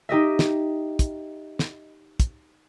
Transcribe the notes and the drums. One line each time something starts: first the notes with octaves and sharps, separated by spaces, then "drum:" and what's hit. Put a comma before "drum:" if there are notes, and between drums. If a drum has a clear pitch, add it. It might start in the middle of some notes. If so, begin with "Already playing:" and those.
D#4 G4 D#5 E5
drum: snare
drum: kick, hi-hat
drum: snare
drum: kick, hi-hat